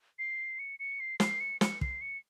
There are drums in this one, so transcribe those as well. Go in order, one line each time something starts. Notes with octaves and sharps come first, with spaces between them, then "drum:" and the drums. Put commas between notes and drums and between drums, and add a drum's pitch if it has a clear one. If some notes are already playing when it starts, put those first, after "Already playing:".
C7
C#7
C#7
C7
C7, drum: snare
C#7
C#7, drum: snare
C7, drum: kick
C#7